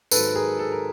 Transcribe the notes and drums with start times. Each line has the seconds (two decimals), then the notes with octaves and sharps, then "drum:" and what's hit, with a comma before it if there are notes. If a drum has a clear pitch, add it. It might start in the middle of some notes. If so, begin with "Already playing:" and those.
0.11 G#2 D#3 F#3 A4 B4, drum: tambourine
0.35 G#4 A#4
0.59 A4
0.72 A#4